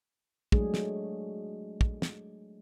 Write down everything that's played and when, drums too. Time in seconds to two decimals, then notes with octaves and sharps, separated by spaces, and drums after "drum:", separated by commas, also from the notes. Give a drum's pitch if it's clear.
0.52 F#3 G#3 A3 D4 G#4, drum: kick
0.74 drum: snare
1.81 drum: kick
2.02 drum: snare